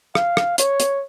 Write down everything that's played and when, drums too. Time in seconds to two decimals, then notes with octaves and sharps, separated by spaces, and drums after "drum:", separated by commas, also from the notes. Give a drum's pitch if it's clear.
0.15 F5, drum: rim click
0.37 drum: rim click
0.58 C#5, drum: hi-hat
0.80 drum: hi-hat